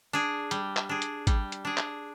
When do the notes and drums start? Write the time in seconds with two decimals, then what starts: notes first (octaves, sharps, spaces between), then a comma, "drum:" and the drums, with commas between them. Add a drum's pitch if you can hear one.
0.13 D4 G#4
0.51 G3, drum: hi-hat
0.77 drum: clap
0.89 D4 G#4
1.02 drum: hi-hat
1.27 G3, drum: kick G#1, hi-hat
1.52 drum: hi-hat
1.65 D4 G#4
1.77 drum: clap